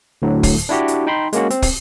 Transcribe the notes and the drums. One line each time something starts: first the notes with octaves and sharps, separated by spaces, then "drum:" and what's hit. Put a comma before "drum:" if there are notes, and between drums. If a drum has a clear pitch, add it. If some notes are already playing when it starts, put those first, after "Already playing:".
D2 A2 D3 F#3
drum: kick, open hi-hat
drum: hi-hat
D4 E4 F#4 G4
drum: hi-hat
D#4 G5 B5 C6
G#3 A#3 C#4 F#4, drum: hi-hat
C4, drum: hi-hat
drum: kick, open hi-hat